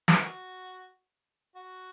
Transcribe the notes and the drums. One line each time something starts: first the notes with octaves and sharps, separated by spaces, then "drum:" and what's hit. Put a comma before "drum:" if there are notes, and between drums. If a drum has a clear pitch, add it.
drum: snare
F#4
F#4